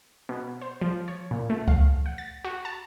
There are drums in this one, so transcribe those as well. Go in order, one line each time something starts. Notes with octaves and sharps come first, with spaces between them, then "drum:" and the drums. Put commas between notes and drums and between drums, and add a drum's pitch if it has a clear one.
B2
C5
F3
C#5
A#2
A3
F5, drum: kick C#2
F#5
A6
F#4
A5